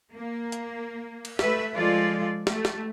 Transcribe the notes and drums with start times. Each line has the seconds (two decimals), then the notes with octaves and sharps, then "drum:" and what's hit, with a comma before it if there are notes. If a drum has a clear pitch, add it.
0.14 A#3
0.52 drum: hi-hat
1.25 drum: cymbal
1.39 A3 B4 E5, drum: snare
1.72 F3 G#3 F4 A4 D5
2.47 A3, drum: snare
2.65 drum: snare